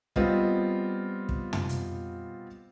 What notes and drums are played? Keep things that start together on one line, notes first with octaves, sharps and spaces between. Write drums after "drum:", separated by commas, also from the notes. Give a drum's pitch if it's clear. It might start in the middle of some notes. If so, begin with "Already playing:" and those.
G3 B3 C4 F4 D#5, drum: kick
drum: kick
drum: tom
drum: hi-hat